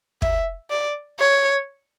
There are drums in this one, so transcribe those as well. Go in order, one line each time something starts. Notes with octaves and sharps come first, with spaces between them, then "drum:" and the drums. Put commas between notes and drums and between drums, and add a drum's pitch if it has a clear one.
E5, drum: kick
D5
C#5